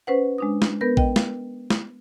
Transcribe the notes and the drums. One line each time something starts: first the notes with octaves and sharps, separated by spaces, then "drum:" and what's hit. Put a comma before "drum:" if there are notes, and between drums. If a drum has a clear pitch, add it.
C#4 B4 C5 F#5
G#3 D4 D#6
drum: snare
B3 A#4 B4 G6 A#6
D#5 G5, drum: kick A1
drum: snare
drum: snare